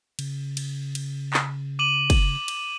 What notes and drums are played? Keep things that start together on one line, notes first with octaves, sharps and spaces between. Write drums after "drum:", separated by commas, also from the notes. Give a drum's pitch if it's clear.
C#3, drum: cymbal
drum: cymbal
drum: cymbal
drum: clap
D6 D#7 F#7
drum: kick, cymbal
drum: cymbal